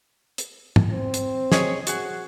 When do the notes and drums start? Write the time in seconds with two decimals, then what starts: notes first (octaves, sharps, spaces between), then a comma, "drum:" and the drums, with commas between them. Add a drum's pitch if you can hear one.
0.38 drum: hi-hat
0.76 drum: tom
0.91 C4
1.14 drum: hi-hat
1.52 G#4 C#5 D#5, drum: snare
1.87 F#4 G#4, drum: hi-hat